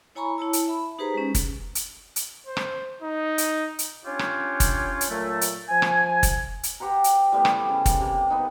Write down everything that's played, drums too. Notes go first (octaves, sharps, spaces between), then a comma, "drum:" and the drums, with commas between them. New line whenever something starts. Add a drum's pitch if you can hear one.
E4 C#5 G#5 A#5 B5 C#6
E4 C#5 A5 E6
drum: hi-hat
E5 B5
D#4 G4 G#4 B4 C5 A#5
G#3 C#4
drum: kick, hi-hat
drum: hi-hat
drum: hi-hat
C5
drum: rim click
D#4
drum: hi-hat
drum: hi-hat
C#4 D4 F4 G4 C#5
drum: rim click
drum: kick, hi-hat
drum: hi-hat
A#2 F#3 A3
drum: hi-hat
F3 G#5
drum: rim click
drum: kick, hi-hat
drum: hi-hat
G4 C5 F#5 A#5
drum: hi-hat
A2 G3 B3
drum: rim click
C#3
drum: kick, hi-hat
C3 A#3
B3 D#4